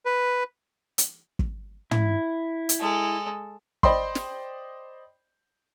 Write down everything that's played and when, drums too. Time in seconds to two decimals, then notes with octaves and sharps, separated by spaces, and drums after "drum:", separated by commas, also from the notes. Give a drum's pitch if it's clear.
0.06 B4
0.98 drum: hi-hat
1.39 drum: kick
1.91 E4, drum: tom
2.69 drum: hi-hat
2.79 G#3 A4
3.83 C5 D5 D#5 G5 B5 C6, drum: kick
4.15 drum: snare